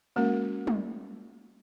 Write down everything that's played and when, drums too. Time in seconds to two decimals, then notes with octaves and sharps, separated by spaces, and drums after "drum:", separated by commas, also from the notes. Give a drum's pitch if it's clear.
0.16 G#3 A#3 C#4 F#4 A#4
0.67 drum: tom